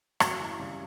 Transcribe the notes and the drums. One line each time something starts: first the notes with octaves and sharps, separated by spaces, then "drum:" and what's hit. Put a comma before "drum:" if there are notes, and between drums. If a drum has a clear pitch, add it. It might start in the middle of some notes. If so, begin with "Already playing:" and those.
F#2 C#3, drum: rim click
F#2 E3
C#3 G3